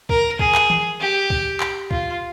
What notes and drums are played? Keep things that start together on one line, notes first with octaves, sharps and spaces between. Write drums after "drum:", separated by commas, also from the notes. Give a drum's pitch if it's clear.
A#4, drum: kick
G#4, drum: kick
drum: clap
drum: tom D#3
G4
drum: kick
drum: clap
F4, drum: kick